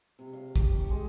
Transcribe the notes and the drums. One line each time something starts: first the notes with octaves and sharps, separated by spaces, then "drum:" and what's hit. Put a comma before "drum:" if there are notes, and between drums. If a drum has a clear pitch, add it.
C3
F5
G4, drum: kick, hi-hat
C#6
G#3